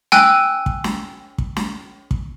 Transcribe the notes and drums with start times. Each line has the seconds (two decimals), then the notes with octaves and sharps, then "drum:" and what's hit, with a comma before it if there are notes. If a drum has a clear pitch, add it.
0.12 G5 G#5 E6 F#6, drum: snare
0.66 drum: kick
0.84 drum: snare
1.38 drum: kick
1.56 drum: snare
2.11 drum: kick